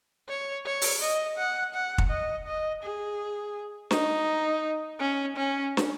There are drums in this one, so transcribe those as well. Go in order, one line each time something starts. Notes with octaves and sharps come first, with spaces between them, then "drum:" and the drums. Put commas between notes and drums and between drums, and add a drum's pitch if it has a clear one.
C#5
C#5
drum: open hi-hat
D#5
F#5
F#5
drum: kick
D#5
D#5
G#4
D#4, drum: snare
C#4
C#4
drum: snare